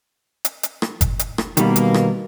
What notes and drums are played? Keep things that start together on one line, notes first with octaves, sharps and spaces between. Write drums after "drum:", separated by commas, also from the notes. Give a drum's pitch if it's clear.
drum: hi-hat
drum: hi-hat
drum: rim click
drum: kick F#1, hi-hat
drum: hi-hat
drum: rim click
B2 D#3 G3 A#3, drum: hi-hat
drum: hi-hat
drum: rim click